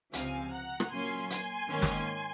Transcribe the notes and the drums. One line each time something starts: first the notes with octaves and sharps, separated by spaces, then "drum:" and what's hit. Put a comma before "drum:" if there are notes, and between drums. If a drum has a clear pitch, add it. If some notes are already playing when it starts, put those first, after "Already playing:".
C#2 C3 F3 C4 F5 G#5, drum: hi-hat
F#5 A#5
drum: rim click
A#2 F#3 A#3 C#4 G#5 C6
G#5 C6, drum: hi-hat
G#2 D#3 A#3 C#4
drum: snare